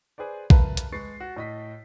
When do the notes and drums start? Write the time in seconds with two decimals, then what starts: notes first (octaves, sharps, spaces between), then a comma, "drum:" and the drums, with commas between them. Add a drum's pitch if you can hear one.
0.18 G#4 B4 C5 D5
0.50 A#4 B4 E5 F5 A5, drum: kick A#1
0.77 drum: hi-hat
0.92 G#3 B4 C#6 A6 C7
1.20 F#4
1.36 A2 D#5 B6